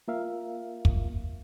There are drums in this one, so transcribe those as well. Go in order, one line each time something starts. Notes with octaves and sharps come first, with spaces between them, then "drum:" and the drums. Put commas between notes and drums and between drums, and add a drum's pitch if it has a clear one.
A#3 F4 A#4 E5 F5
drum: kick